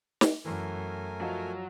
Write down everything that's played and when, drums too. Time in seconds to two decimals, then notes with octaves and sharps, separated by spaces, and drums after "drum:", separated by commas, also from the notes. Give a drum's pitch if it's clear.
0.21 drum: snare
0.45 F#2 E3 A3 A#4 G#5
1.21 F3 F#3 F4 D#5